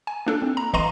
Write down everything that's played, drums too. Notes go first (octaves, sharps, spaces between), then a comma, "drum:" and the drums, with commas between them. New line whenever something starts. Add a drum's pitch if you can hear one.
G#5
A#3 D4 A4
C4
A#5
E3 D#5 F5 A#5 C6 D#7, drum: kick